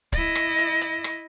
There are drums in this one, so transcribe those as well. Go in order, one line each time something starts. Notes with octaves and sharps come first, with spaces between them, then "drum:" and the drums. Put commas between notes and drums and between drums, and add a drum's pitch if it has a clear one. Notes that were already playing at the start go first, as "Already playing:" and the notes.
E4 D#5, drum: kick D1, hi-hat
drum: rim click
drum: hi-hat
drum: hi-hat
drum: rim click